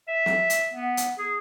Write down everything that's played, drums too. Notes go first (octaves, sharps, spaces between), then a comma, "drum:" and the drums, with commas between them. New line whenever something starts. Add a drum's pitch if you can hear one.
E5
drum: snare
drum: hi-hat
B3
drum: hi-hat
G#4